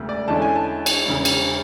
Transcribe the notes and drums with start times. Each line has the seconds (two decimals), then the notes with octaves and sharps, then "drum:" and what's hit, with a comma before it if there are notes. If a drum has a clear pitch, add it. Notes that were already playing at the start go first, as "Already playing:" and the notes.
Already playing: E1 D2 C#3
0.09 D5
0.28 E2 D3 G#3 C#4 E4 A5
0.42 G#5
0.56 A5
0.86 drum: cymbal
1.06 E1 E2 C#3
1.25 drum: cymbal